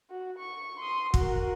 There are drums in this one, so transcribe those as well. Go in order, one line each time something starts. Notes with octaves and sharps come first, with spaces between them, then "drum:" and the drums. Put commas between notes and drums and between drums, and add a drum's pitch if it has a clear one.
F#4
C#6
C6 D#6
F#4 A#4, drum: kick